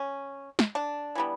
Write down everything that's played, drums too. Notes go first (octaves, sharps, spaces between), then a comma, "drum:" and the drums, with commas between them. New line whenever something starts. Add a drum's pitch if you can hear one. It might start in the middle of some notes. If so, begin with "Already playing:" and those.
Already playing: C#4
drum: snare
D4
E3 G3 B3